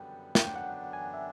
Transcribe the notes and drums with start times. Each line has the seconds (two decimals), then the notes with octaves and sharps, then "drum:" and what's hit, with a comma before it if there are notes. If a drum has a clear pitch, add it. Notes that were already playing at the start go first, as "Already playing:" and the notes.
Already playing: F#2 D3 G3 B3 G5
0.35 F#2 D3 F#3 B3 D4 G5, drum: snare
0.56 F#5
0.93 G#5
1.14 E5